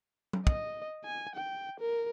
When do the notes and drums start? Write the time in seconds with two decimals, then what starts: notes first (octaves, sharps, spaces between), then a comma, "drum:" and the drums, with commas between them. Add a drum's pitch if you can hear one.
0.33 drum: tom F#3
0.47 D#5, drum: kick
1.05 G#5
1.36 G5
1.80 A#4